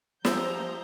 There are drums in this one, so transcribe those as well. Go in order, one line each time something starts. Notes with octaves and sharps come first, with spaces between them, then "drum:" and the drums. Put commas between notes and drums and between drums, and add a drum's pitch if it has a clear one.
F3 G4 C5 E5 A#5 D#6 G6, drum: snare